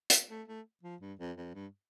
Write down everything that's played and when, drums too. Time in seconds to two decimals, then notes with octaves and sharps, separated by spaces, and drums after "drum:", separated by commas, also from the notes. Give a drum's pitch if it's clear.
0.10 drum: hi-hat
0.30 A3
0.48 A3
0.83 F3
1.01 G2
1.19 F2
1.37 F2
1.54 G2